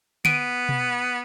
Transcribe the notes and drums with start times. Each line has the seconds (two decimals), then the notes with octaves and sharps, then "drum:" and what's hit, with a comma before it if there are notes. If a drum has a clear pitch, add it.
0.25 B3 D7 D#7, drum: tom D3
0.69 drum: tom B2